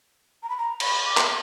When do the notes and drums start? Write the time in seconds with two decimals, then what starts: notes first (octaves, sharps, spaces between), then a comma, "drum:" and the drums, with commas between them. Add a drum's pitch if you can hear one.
0.43 A#5
0.49 B5
0.57 A#5
0.80 B5, drum: cymbal
1.05 D6
1.17 drum: clap